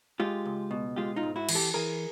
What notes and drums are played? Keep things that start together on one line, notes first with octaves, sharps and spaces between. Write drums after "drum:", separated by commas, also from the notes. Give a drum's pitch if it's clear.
G#3 F4 G4
C#2
B2
G#3 F4 G4
D#4 F4
G#2
E4 F#4
E3, drum: cymbal
G4 A4
E3 G#4 A#4